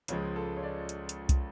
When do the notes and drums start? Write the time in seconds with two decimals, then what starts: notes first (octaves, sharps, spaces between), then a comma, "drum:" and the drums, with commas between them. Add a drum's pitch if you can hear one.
0.08 C#2 C#3 F3 G#3 C#5, drum: hi-hat
0.36 A4
0.57 C#5
0.63 D5
0.89 drum: hi-hat
1.09 drum: hi-hat
1.29 drum: kick, hi-hat